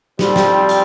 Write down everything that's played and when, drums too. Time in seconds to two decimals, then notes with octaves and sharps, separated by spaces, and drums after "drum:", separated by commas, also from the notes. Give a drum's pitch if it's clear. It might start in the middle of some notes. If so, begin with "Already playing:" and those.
0.19 F2 F3 G3 C4, drum: snare
0.36 drum: snare
0.69 drum: hi-hat